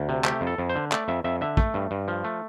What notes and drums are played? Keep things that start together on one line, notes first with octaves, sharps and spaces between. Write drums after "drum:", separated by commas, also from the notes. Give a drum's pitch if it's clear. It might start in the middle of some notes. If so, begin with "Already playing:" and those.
Already playing: D2
C3
A3 G4, drum: clap
F2
A4
F2
C5
D3
A3 D5, drum: clap
F2 E5
F2 E5
D3 E5
A3, drum: kick
G2
G2
F3
A3